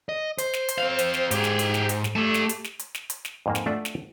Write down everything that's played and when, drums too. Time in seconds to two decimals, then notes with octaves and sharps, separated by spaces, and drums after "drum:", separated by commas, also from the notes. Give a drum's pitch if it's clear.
0.09 D#5
0.38 C5, drum: hi-hat
0.53 drum: snare
0.69 drum: hi-hat
0.78 C4 F5
0.99 drum: hi-hat
1.14 drum: snare
1.31 G#2 G4 G#4, drum: hi-hat
1.44 drum: snare
1.59 drum: hi-hat
1.74 drum: snare
1.89 drum: hi-hat
2.04 drum: snare
2.16 A3 G4 A5
2.34 drum: snare
2.49 drum: hi-hat
2.64 drum: snare
2.79 drum: hi-hat
2.95 drum: snare
3.10 drum: hi-hat
3.25 drum: snare
3.46 F2 G#2 A#3
3.55 drum: snare
3.66 A3 D4 F4 D5 E5 F#5
3.85 drum: snare